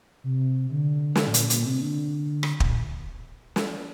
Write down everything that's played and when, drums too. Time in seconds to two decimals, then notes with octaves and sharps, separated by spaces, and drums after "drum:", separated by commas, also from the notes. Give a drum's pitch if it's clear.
0.24 C3
0.71 D3
1.15 drum: snare
1.27 A2
1.34 A#2, drum: hi-hat
1.50 A#2, drum: hi-hat
1.65 C3
1.81 D3
2.43 drum: rim click
2.60 A#2, drum: kick
3.56 drum: snare